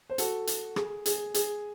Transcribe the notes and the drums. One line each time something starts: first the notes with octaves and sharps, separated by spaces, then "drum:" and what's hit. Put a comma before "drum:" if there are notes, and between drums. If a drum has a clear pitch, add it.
C5
F#4 A4, drum: hi-hat
drum: hi-hat
G#4, drum: rim click
G#4, drum: hi-hat
G#4, drum: hi-hat